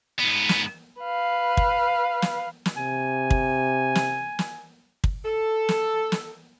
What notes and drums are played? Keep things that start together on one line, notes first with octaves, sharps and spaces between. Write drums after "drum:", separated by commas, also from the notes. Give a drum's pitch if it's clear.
G#2 B3
drum: snare
B4 F5
drum: kick
drum: snare
drum: snare
C3 G#5
drum: kick
drum: snare
drum: snare
drum: kick
A4
drum: snare
drum: snare